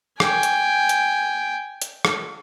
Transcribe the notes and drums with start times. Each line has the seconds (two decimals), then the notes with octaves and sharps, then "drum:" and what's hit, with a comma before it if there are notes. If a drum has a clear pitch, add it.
0.20 G5 G#5, drum: rim click
0.43 drum: hi-hat
0.89 drum: hi-hat
1.82 drum: hi-hat
2.05 drum: rim click